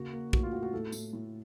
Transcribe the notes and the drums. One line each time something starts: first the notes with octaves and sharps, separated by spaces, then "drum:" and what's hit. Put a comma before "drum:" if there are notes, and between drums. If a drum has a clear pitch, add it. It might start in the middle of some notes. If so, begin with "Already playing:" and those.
Already playing: C#3 A#3 F#4
A#3
A2 F#4, drum: kick
F4
A2 F#4
F#4
A2 A4
A2, drum: tambourine
A2